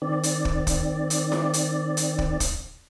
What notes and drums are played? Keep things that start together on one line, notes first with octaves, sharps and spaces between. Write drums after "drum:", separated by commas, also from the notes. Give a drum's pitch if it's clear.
D#3 C4 D5
drum: hi-hat
drum: kick
drum: kick, hi-hat
drum: hi-hat
drum: snare E4
drum: hi-hat
drum: hi-hat
drum: kick
drum: kick, hi-hat